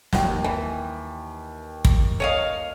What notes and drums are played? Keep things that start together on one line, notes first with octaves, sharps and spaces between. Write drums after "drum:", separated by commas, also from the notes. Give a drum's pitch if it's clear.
D#2 G5, drum: snare
E3
drum: kick
C#5 D#5 F5